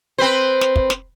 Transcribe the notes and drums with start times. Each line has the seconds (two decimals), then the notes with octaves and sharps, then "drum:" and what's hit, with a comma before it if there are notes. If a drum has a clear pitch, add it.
0.18 C4 B4 C5
0.61 drum: snare
0.76 drum: kick
0.90 drum: snare